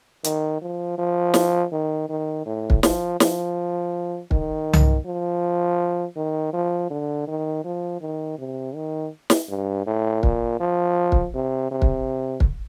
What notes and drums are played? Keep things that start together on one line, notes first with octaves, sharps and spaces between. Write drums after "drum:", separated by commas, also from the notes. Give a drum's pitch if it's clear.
D#3, drum: hi-hat
F3
F3
drum: snare
D#3
D#3
A2
drum: kick
F3, drum: snare
F3, drum: snare
D#3, drum: kick
drum: tom C2
F3
D#3
F3
D3
D#3
F3
D#3
C3
D#3
drum: snare
G2
A2
A#2, drum: kick
F3
drum: kick
C3
C3
drum: kick
drum: kick